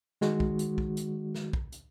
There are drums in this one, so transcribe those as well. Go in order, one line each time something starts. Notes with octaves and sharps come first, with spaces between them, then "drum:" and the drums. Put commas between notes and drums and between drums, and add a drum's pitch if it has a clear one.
D#3 G#3 F#4, drum: snare
drum: kick
drum: hi-hat
drum: kick
drum: hi-hat
drum: snare
drum: kick
drum: hi-hat